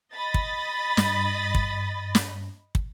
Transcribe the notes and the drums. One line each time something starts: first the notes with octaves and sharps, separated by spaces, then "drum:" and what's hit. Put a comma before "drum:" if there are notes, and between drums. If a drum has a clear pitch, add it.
D#5 B5 A6
drum: kick
G2, drum: snare
drum: kick
drum: snare
drum: kick